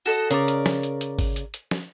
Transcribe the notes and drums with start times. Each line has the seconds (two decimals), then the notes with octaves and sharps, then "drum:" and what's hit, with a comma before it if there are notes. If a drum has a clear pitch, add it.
0.06 F#4 A4 D#5
0.31 C#3 A#4 D5, drum: hi-hat
0.48 drum: hi-hat
0.66 drum: snare
0.83 drum: hi-hat
1.01 drum: hi-hat
1.19 drum: kick G#1, open hi-hat
1.36 drum: hi-hat
1.54 drum: hi-hat
1.71 drum: snare